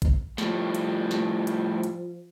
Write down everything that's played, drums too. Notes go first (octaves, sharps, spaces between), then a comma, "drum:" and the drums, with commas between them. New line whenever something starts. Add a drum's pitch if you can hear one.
drum: kick G#1, hi-hat
A2 F3 G3, drum: snare
drum: hi-hat
drum: snare
drum: hi-hat
drum: hi-hat